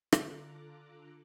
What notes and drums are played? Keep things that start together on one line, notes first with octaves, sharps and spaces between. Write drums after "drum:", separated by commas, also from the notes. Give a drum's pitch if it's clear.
D3 F4 A4 A#5 D6 F#6, drum: rim click